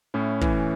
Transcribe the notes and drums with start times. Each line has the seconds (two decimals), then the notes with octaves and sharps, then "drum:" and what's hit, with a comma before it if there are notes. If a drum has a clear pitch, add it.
0.14 A2 C#4 E4
0.41 E3, drum: kick